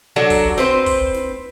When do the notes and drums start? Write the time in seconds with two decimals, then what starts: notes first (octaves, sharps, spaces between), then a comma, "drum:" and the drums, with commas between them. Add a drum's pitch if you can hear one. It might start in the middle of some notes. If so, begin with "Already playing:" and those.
0.16 F#3 D4 F#4 A4
0.30 drum: kick, open hi-hat
0.58 C4 B4 C5, drum: snare
0.86 drum: kick, open hi-hat
1.14 drum: snare